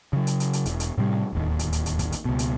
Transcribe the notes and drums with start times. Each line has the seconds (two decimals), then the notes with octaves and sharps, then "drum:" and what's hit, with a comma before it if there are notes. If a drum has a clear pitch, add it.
0.13 C#3 F#3
0.27 drum: hi-hat
0.40 drum: hi-hat
0.53 drum: hi-hat
0.66 E1, drum: hi-hat
0.80 drum: hi-hat
0.98 A2 C3 G3
1.33 D1 D#2
1.59 drum: hi-hat
1.73 drum: hi-hat
1.86 drum: hi-hat
1.99 drum: kick, hi-hat
2.12 drum: hi-hat
2.25 C#2 B2
2.39 drum: hi-hat